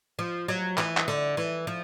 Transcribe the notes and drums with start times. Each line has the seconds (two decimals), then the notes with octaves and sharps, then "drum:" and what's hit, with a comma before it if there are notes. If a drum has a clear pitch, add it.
0.19 F3
0.48 F#3
0.78 E3, drum: clap
0.97 drum: clap
1.08 D3
1.37 E3
1.67 F3